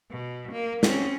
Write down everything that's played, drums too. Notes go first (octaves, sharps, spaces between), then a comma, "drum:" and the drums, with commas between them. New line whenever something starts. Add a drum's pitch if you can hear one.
B2
A#3
C4 C#4, drum: snare